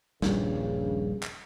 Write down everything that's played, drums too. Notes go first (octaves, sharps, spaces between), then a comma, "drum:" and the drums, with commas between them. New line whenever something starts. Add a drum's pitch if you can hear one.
D#1 A#1 G2 C#3, drum: snare
drum: clap